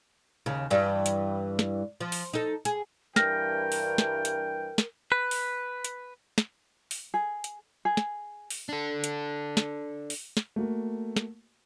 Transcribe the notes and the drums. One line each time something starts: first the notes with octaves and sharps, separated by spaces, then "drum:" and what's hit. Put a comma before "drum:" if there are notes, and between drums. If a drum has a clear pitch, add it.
D#2 C#3
G2 E3 G3
drum: hi-hat
drum: snare
F3
drum: open hi-hat
D#4 A4
G#4, drum: hi-hat
G2 E3 A#4 G5 F6 A#6, drum: snare
drum: open hi-hat
drum: snare
drum: hi-hat
drum: snare
B4
drum: open hi-hat
drum: hi-hat
drum: snare
drum: open hi-hat
G#4
drum: hi-hat
G#4
drum: snare
drum: open hi-hat
D4 A4
drum: hi-hat
drum: snare
drum: open hi-hat
drum: snare
A3 A#3 F#4 A#4
drum: snare